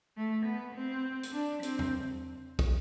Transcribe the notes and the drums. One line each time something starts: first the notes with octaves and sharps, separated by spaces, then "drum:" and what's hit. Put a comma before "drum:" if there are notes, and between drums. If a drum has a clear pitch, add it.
A3
B3
C4
drum: hi-hat
D4
C4, drum: hi-hat
drum: tom E2
drum: kick